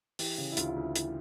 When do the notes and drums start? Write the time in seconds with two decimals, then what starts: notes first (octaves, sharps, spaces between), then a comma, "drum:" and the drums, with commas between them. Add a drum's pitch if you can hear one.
0.19 E3 G4, drum: open hi-hat
0.38 C#3
0.52 E4
0.57 D2 F4, drum: hi-hat
0.69 F4
0.76 D2 E4
0.96 E3, drum: hi-hat